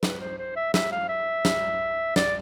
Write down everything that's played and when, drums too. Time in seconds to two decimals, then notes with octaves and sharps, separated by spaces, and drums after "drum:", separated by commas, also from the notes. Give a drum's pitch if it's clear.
0.03 B4, drum: snare
0.21 C5
0.38 C5
0.56 E5
0.74 E5, drum: snare
0.92 F5
1.09 E5
1.45 drum: snare
2.16 D5, drum: snare